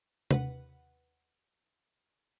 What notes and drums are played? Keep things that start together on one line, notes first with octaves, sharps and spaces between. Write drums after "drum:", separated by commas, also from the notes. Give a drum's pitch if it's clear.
D#2 B4 F#5, drum: tom C3